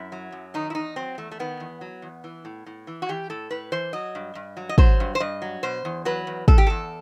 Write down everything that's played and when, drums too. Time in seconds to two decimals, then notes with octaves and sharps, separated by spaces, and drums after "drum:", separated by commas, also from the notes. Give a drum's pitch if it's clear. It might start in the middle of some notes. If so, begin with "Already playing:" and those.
Already playing: F#2 E4
0.12 F#3
0.32 F#2
0.54 D#3 D#4
0.70 E4
0.75 E2 D#4
0.96 F#3 C4
1.18 E2 A3
1.32 A3
1.39 D#3 B3
1.60 E2
1.81 F#3
2.02 E2
2.24 E3
2.45 A2
2.66 A2
2.87 E3
3.02 F#4
3.09 E3 G4
3.30 A2 A4
3.51 A2 B4
3.72 E3 C5
3.93 F#3 D#5
4.15 G2
4.35 G2
4.57 F#3
4.69 D#5
4.78 F#3 C5, drum: kick
5.00 G2
5.15 C5
5.20 G2 D#5
5.42 F#3
5.63 B2 C5
5.85 E2
6.05 F#3 B4
6.27 E2
6.48 B2 A4, drum: kick
6.58 G4
6.67 E2 A4